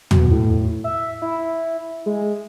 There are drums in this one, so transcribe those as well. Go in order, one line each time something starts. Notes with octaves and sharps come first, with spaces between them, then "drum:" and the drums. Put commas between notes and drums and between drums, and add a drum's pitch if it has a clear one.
B2, drum: tom
A2
E5
E4
G#3